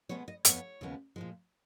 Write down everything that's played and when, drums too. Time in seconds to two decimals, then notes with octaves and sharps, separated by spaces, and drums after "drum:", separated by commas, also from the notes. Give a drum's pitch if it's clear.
0.09 B2 G#3 B3 C#5
0.28 D#5
0.45 F2 F3 B3 C#5, drum: hi-hat
0.81 D#2 C#3 F3 G#3 B3
1.16 A#2 F3 G#3